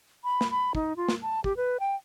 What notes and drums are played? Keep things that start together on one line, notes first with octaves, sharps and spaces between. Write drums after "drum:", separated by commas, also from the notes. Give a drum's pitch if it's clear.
B5
drum: snare
B5
D#4, drum: kick
F4
drum: snare
A5
G4, drum: kick
B4
G5